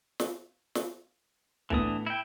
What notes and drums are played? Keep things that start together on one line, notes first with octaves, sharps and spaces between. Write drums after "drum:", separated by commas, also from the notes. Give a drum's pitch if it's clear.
drum: snare
drum: snare
A2 E3 B3 D4 D#6, drum: kick
E4 G5